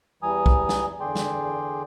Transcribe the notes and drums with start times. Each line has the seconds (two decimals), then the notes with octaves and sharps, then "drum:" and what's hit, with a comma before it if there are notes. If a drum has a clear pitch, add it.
0.23 E2 E3 G3 G#5 A#5 D#6
0.46 drum: kick
0.69 drum: snare
1.00 E2 D3 G#4 D5 G5 C6
1.15 drum: snare